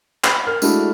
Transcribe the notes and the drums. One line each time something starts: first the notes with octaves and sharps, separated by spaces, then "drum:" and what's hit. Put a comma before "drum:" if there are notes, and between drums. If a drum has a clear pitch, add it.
B5, drum: clap
A#4 F6
G#3 A3 D4 E4 F#4 A4, drum: tambourine